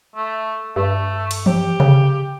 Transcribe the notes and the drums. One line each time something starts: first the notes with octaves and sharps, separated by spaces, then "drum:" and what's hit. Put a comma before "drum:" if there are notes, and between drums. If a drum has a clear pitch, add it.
A3
G2 A3
drum: cymbal
G4, drum: tom E3
C#3, drum: tom C3